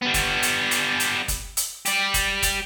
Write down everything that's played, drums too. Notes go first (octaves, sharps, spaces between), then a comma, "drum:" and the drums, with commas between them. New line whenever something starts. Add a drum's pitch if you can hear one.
G3 B3
drum: kick F#1, hi-hat
drum: hi-hat
drum: hi-hat
drum: hi-hat
drum: kick F#1, hi-hat
drum: hi-hat
G4 D5, drum: hi-hat
drum: kick F#1, hi-hat
drum: kick F#1, hi-hat